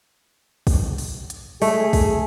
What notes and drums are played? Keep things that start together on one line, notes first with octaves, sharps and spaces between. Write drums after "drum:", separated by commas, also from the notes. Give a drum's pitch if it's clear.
drum: kick, open hi-hat
drum: open hi-hat
drum: hi-hat
A3 G#4, drum: open hi-hat
drum: kick, open hi-hat